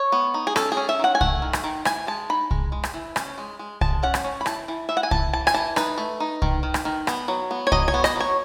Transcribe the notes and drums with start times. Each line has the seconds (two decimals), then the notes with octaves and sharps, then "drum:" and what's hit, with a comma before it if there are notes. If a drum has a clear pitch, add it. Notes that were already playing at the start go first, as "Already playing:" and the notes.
Already playing: C#5
0.12 B3
0.34 D#4
0.47 G#4
0.56 C#4 A4, drum: rim click
0.72 G#4
0.77 C#4
0.89 E5
0.99 D#3 F#5
1.15 G#5
1.21 A3 F#5, drum: kick C2
1.42 D#3
1.53 drum: rim click
1.64 D#3
1.85 E3 G#5, drum: rim click
2.07 G#3 A5
2.30 D#4 B5
2.51 G#3, drum: kick C2
2.72 G#3
2.84 drum: rim click
2.94 E3
3.16 C#4, drum: rim click
3.38 G#3
3.59 G#3
3.81 G#3 A5, drum: kick C2
4.03 C#4 F#5
4.14 drum: rim click
4.24 C#4
4.41 B5
4.46 E3 A5, drum: rim click
4.68 E3
4.89 E3 E5
4.97 F#5
5.03 G#5
5.11 E3 A5, drum: kick C2
5.33 E3 A5
5.47 G#5, drum: rim click
5.54 E3 A5
5.76 D#4 B4, drum: rim click
5.98 A3
6.20 D#4
6.42 D#3, drum: kick C2
6.63 D#3
6.74 drum: rim click
6.85 D#3
7.07 B3, drum: rim click
7.28 F#3
7.51 B3
7.67 C#5
7.72 F#3 D#5, drum: kick C2
7.88 C#5
7.94 B3
8.04 D#5, drum: rim click
8.16 F#3 C#5